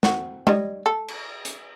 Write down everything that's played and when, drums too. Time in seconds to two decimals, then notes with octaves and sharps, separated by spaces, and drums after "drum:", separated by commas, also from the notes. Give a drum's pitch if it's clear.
0.03 C4 F#4, drum: snare
0.47 G3 C#5 D#5, drum: tom G#3
0.86 A4
1.08 drum: cymbal
1.45 drum: hi-hat